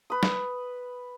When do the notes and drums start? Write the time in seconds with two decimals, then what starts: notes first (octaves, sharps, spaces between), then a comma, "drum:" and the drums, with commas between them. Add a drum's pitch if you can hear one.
0.10 B4 D#6
0.23 drum: snare